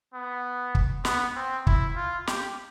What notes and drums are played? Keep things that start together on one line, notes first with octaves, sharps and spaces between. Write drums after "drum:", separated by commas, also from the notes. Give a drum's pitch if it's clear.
B3
drum: kick
B3, drum: snare
C4
E4, drum: kick
F4
G4, drum: snare